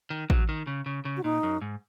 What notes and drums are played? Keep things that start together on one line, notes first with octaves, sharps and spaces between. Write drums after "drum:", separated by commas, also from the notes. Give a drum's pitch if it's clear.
D#3
F#3, drum: kick A1
D#3
C#3
C#3
C#3
F#4
A#2 D#4
F#2
G#2